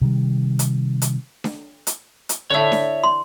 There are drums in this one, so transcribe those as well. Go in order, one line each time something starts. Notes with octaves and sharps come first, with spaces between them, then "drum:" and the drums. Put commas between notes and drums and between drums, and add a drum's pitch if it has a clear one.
C3 D#3 G3
drum: hi-hat
drum: hi-hat
drum: snare D4
drum: hi-hat
drum: hi-hat
D3 E4 C#5 E5
drum: snare D4
C6